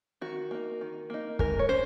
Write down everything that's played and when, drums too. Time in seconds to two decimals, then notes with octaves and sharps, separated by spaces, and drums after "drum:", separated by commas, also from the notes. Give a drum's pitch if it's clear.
0.21 D#3 F#4
0.51 A#3 D#4
0.81 D#3
1.10 A#3 D#4
1.39 G#3 A#4, drum: kick
1.59 C#5
1.69 C#4 C5